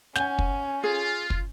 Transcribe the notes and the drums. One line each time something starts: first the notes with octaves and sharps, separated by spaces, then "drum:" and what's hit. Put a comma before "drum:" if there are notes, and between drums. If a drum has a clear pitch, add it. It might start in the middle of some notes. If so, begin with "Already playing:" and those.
C#4 F#5 G#5 G6, drum: snare
drum: kick
F4 G#4
drum: kick